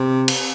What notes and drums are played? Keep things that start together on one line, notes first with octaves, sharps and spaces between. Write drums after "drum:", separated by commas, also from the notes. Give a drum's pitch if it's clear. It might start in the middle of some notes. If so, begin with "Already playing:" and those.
Already playing: C3
drum: cymbal